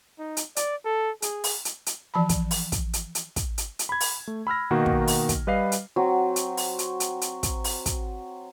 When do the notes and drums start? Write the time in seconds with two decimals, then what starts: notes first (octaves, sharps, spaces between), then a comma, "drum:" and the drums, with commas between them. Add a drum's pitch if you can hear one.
0.19 D#4
0.37 drum: hi-hat
0.56 D5, drum: hi-hat
0.85 A4
1.22 G#4, drum: hi-hat
1.44 drum: open hi-hat
1.65 drum: hi-hat
1.86 drum: hi-hat
2.14 E3 F3 A5 B5
2.29 drum: kick, hi-hat
2.51 drum: open hi-hat
2.72 drum: kick, hi-hat
2.93 drum: hi-hat
3.15 drum: hi-hat
3.36 drum: kick, hi-hat
3.58 drum: hi-hat
3.79 drum: hi-hat
3.89 B5 G#6
4.00 drum: open hi-hat
4.28 A3
4.47 B5 E6 F6 A#6
4.71 B2 D#3 A#3 D#4 F#4
4.86 drum: kick
5.07 drum: open hi-hat
5.29 drum: kick, hi-hat
5.47 G3 B4 D#5 F5 C7
5.72 drum: hi-hat
5.96 F#3 C4 F#4
6.36 drum: hi-hat
6.57 drum: open hi-hat
6.79 drum: hi-hat
7.00 drum: hi-hat
7.21 drum: hi-hat
7.43 drum: kick, hi-hat
7.64 drum: open hi-hat
7.86 drum: kick, hi-hat